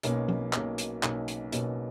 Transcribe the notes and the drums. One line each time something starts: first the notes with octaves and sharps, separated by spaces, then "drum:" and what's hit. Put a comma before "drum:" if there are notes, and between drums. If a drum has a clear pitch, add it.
B1 B2 A#3 C#4, drum: hi-hat
drum: tom F3
B1 B2 A#3 C#4, drum: clap
drum: hi-hat
B1 B2 A#3 C#4, drum: clap
drum: hi-hat
B1 B2 A#3 C#4, drum: hi-hat